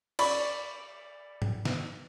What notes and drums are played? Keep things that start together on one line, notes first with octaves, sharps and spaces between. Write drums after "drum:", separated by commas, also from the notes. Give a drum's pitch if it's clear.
D5 B5 C#6, drum: cymbal
drum: tom G#2
drum: snare